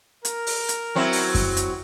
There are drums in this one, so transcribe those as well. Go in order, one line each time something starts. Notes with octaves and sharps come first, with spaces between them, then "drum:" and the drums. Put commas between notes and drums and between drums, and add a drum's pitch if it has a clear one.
A#4, drum: hi-hat
drum: open hi-hat
drum: hi-hat
F#3 C4 E4
drum: open hi-hat
drum: kick F#2, open hi-hat
drum: hi-hat